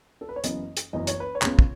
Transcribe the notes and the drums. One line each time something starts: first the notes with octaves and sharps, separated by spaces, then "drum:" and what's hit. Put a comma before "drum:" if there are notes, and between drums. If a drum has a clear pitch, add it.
A4
B4
C#5
F#1 F#2 C#3 E3 B3 D#5, drum: hi-hat
drum: hi-hat
F#1 F#2 E3 B3 D#5
C#5, drum: hi-hat
B4
C#5
C#2 C#3 G#3 B3, drum: clap
drum: kick